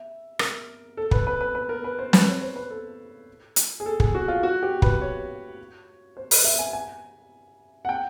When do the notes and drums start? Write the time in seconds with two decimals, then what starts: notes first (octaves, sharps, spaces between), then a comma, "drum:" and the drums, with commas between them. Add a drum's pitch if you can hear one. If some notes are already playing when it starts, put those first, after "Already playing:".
Already playing: E5
0.39 A#4, drum: rim click
0.97 A4
1.11 B4, drum: kick
1.27 B4
1.41 B4
1.55 B4
1.69 A#4
1.84 B4
1.99 C5
2.13 B4, drum: snare
2.28 C#5
2.41 C5
2.56 B4
2.70 A4
3.56 drum: hi-hat
3.80 G#4
3.86 A4
4.00 G#4, drum: kick
4.15 F#4
4.28 F4
4.43 F#4
4.63 G4
4.82 B4, drum: kick
5.01 C#5
6.17 C5
6.31 B4, drum: open hi-hat
6.45 E5
6.59 G#5
6.73 G#5
7.85 F#5
7.89 G5